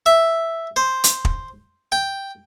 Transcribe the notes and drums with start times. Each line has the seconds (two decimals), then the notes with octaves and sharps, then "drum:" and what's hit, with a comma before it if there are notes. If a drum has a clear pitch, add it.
0.06 E5
0.76 C5
1.04 drum: hi-hat
1.25 drum: kick
1.92 G5